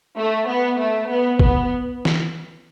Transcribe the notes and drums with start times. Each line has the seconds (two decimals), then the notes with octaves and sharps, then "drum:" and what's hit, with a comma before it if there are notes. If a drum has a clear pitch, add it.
0.16 A3
0.47 B3
0.78 A3
1.08 B3
1.39 B3, drum: kick
2.05 drum: snare